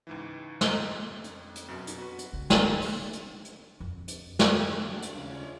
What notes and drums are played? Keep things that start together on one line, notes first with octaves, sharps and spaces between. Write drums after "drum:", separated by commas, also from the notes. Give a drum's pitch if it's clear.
C#2 G#2 E3
drum: snare
F2
drum: hi-hat
drum: hi-hat
F#2 B2
drum: hi-hat
F#4 B4
drum: hi-hat
C#2
D#4, drum: snare
drum: open hi-hat
drum: hi-hat
drum: hi-hat
F2
drum: hi-hat
drum: snare
D#3
C3 F#3
F2 C4 D4 F#4 G#4 F#5 A5
drum: hi-hat
D#2 C#3 C#4 D4 G#4 F5
F4 C#5 D5
G#4